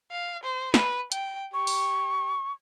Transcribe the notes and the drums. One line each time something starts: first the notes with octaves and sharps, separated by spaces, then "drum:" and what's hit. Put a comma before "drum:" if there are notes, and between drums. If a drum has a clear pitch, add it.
F5
C5
B4, drum: snare
G5, drum: hi-hat
G4 C#6
drum: open hi-hat